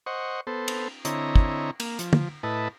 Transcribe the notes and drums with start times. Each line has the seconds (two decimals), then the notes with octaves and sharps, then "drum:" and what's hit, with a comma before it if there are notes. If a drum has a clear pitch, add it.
0.06 C5 D#5 F#5 C#6
0.47 B3 A4 C5
0.68 drum: cymbal
1.05 D3 C4 E4 C#5 D#5 A#5, drum: hi-hat
1.36 drum: kick
1.80 A#3, drum: cymbal
1.99 F3, drum: hi-hat
2.13 drum: tom
2.43 A2 E4 B4 D#5 A5